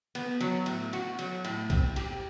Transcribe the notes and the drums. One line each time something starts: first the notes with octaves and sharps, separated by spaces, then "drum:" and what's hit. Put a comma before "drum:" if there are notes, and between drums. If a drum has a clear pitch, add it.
B3, drum: cymbal
F#3, drum: cymbal
A2, drum: cymbal
F#4, drum: cymbal
F#3, drum: cymbal
A2, drum: cymbal
C4, drum: kick A#1, cymbal
G4, drum: cymbal